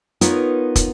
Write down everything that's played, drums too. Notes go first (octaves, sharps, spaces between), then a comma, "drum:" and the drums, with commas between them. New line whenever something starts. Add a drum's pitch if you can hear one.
B3 D#4 F4 A#4 B4 C#5, drum: hi-hat
drum: kick, hi-hat